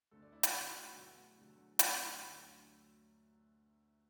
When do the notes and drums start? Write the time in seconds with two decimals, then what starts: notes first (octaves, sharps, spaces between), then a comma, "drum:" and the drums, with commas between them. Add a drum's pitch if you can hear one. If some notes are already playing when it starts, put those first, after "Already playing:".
0.11 D2 D3 A3 A4
0.22 D5
0.32 E4
0.43 A4, drum: hi-hat
0.54 E2 D3 A3 F#4
0.75 E4
0.96 E2 B2 F#3 A3 F#5
1.38 E2 D3 F#3 A3
1.79 F#2 D3 F#3 A3 E5, drum: hi-hat
2.22 D2 D3 F#3 A3